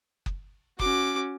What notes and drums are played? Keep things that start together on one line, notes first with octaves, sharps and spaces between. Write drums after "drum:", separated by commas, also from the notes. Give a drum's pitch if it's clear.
drum: kick F#1
C#4 F#4 D6, drum: kick F#1